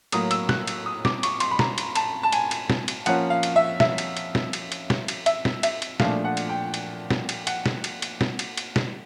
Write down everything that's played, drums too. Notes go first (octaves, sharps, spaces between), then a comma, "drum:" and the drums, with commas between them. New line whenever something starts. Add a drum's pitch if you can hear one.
A2 F#3 A#3 D#6, drum: cymbal
E6, drum: cymbal
F#6, drum: snare
drum: cymbal
D#6
D6, drum: snare
C#6, drum: cymbal
C6, drum: cymbal
B5
A#5, drum: snare
drum: cymbal
A5, drum: cymbal
A5
G#5, drum: cymbal
drum: cymbal
drum: snare
drum: cymbal
F3 A#3 C#4 F#5, drum: cymbal
F5
drum: cymbal
E5
E5, drum: snare
drum: cymbal
drum: cymbal
drum: snare
drum: cymbal
drum: cymbal
drum: snare
drum: cymbal
E5, drum: cymbal
drum: snare
E5, drum: cymbal
drum: cymbal
A#2 F3 A3 D4 F5, drum: snare
F#5
drum: cymbal
G5
drum: cymbal
drum: snare
drum: cymbal
F#5, drum: cymbal
drum: snare
drum: cymbal
drum: cymbal
drum: snare
drum: cymbal
drum: cymbal
drum: snare